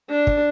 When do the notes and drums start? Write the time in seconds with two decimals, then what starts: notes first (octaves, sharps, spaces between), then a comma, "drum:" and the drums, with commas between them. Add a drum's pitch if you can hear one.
0.10 D4
0.27 drum: kick